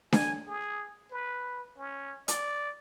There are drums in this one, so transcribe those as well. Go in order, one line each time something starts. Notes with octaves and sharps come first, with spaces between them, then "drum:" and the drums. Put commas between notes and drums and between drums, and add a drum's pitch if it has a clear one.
G#5, drum: snare D4
G#4
B4
C#4
D5, drum: hi-hat